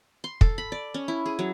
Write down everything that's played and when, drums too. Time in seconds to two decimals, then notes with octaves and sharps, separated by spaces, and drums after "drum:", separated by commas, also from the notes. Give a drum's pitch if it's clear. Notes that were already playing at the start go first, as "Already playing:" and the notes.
0.24 C6
0.41 A4, drum: kick
0.58 B5
0.72 D5
0.94 C#4
1.08 E4
1.26 G#4
1.39 F#3